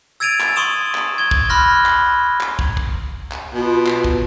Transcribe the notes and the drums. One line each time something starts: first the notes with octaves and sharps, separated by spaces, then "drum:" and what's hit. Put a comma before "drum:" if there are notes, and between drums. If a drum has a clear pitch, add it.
E6 G#6 A6 D7 D#7 F7
drum: clap
C6 C#6 D#6 E7
drum: clap
G#6 G7
drum: kick
B5 C6 F6 F#6 A#6
drum: clap
drum: clap
drum: kick
drum: kick
drum: clap
B2 F4
drum: clap
drum: kick